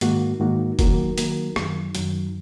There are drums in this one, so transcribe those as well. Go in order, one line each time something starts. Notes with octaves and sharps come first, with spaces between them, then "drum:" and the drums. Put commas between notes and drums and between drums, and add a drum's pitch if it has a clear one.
G#2 D#3 A#3 F#4, drum: hi-hat
G#2 D#3 A#3 F#4
D#3 F#3 A#3 F#4 A#4, drum: kick F1, hi-hat
D#3 F#3 A#3 F#4 A#4, drum: hi-hat
F#2 D#3 F#3, drum: rim click
F#2 D#3 F#3, drum: hi-hat